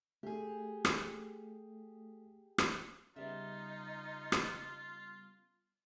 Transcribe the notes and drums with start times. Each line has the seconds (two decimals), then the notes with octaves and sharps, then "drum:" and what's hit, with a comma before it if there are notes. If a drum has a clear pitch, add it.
0.23 A3 G4 G#4
0.85 drum: rim click
2.58 drum: rim click
3.16 C#3 G3 B3 D#4 F4 E5
4.32 drum: rim click